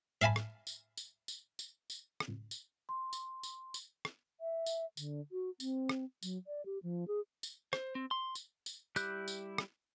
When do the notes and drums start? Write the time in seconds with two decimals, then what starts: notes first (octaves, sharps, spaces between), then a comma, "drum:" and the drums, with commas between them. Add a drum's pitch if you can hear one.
0.22 E5 F5 G#5 A5 B5
0.36 drum: rim click
0.67 drum: tambourine
0.97 drum: tambourine
1.28 drum: tambourine
1.59 drum: tambourine
1.90 drum: tambourine
2.20 drum: rim click
2.51 drum: tambourine
2.89 C6
3.13 drum: tambourine
3.43 drum: tambourine
3.74 drum: tambourine
4.05 drum: rim click
4.40 E5
4.66 drum: tambourine
4.97 D3, drum: tambourine
5.32 F#4
5.60 C4, drum: tambourine
5.89 drum: rim click
6.23 F#3, drum: tambourine
6.47 D5
6.66 G4
6.83 F3
7.08 G#4
7.43 drum: tambourine
7.73 C5, drum: rim click
7.95 C4
8.11 C6
8.35 drum: tambourine
8.66 drum: tambourine
8.96 G3 E4 G4 F#6 G6, drum: tambourine
9.28 drum: tambourine
9.58 drum: rim click